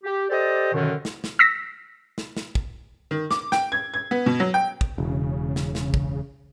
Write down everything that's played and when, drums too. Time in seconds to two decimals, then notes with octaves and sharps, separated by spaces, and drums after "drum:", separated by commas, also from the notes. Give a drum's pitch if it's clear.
0.04 G4
0.30 G4 A4 C5 D5 D#5
0.73 F#2 B2 D3 D#3
1.05 drum: snare
1.24 drum: snare
1.39 E6 A#6 B6
2.18 drum: snare
2.37 drum: snare
2.55 drum: kick
3.11 D#3
3.31 D6, drum: snare
3.52 G5, drum: snare
3.72 G#6
3.94 G#6
4.11 B3
4.26 B2
4.40 F#3
4.54 G5
4.81 drum: kick
4.98 E1 C#3
5.56 drum: snare
5.75 drum: snare
5.94 drum: kick